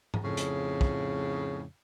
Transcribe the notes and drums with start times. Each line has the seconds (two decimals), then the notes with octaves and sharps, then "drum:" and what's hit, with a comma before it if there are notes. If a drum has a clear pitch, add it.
0.14 drum: tom G#2
0.23 F2 A2 C#3
0.37 drum: hi-hat
0.81 drum: kick